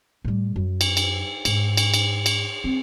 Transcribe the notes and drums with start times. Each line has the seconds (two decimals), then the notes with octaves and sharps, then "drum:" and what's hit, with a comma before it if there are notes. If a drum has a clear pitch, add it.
0.25 A2 G3
0.56 F#2
0.81 drum: cymbal
0.97 drum: cymbal
1.45 G#2, drum: cymbal
1.77 drum: cymbal
1.94 drum: cymbal
2.26 drum: cymbal
2.64 C4